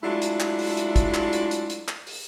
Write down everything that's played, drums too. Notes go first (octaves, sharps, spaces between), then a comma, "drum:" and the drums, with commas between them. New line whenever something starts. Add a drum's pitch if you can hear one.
F#3 G#3 A3 D4 E4 F4
drum: hi-hat
drum: clap
drum: open hi-hat
drum: hi-hat
drum: kick, hi-hat
drum: clap
drum: hi-hat
drum: hi-hat
drum: hi-hat
drum: clap
drum: open hi-hat